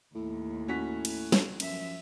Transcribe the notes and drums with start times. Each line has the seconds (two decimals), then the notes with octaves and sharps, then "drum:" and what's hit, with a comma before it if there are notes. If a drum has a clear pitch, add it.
0.15 D#2 A2
0.68 C#4 F#4 B6
1.05 drum: cymbal
1.32 drum: snare
1.60 F#2 F3 E5, drum: cymbal